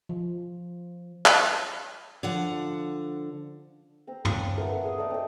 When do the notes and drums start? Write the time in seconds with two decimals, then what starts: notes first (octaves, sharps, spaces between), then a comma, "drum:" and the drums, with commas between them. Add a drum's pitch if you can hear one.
0.09 F3
1.26 drum: clap
2.23 D3 F3 F#5
4.07 C4 A#5
4.25 C#4 F5 A5, drum: tom
4.58 A3 B3 A#4
4.83 G#4 D#6
4.98 A3 A#4 D5 D#5
5.10 C4 D#5